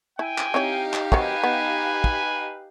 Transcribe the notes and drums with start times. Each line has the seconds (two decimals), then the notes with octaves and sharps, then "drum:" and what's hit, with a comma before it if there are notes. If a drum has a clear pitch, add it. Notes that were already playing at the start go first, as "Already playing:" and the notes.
0.19 E4 G5 G#5
0.38 drum: clap
0.54 C4 D#4 E4 G4 C#5 F5
0.93 drum: clap
1.12 D#3 F#3 C4 B4 G#5, drum: kick
1.44 B3
2.04 drum: kick